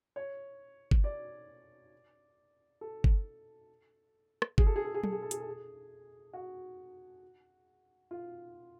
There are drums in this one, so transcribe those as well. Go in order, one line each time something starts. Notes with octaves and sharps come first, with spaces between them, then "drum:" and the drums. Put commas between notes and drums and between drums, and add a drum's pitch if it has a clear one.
C#5
drum: kick G1
D5
A4
drum: kick G1
drum: rim click
G#4, drum: kick G1
A4
G#4
A4
G#4
A4, drum: tom F#3
G#4
A4
G#4, drum: hi-hat
A4
G#4
F#4
F4